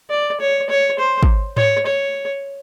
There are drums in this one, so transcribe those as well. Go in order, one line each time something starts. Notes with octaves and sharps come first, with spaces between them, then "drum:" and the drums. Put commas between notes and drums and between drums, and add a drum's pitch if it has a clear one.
D5
C#5
C#5
C5
drum: kick
C#5, drum: tom G#2
C#5